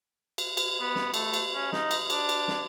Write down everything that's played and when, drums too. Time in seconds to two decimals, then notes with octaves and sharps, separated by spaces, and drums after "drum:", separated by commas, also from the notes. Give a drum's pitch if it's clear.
0.38 drum: cymbal
0.57 drum: cymbal
0.80 B3
0.95 drum: snare
1.14 A3, drum: cymbal
1.34 drum: cymbal
1.54 C#4
1.72 D#4, drum: snare
1.91 drum: cymbal
2.10 D4, drum: cymbal
2.29 drum: cymbal
2.48 drum: snare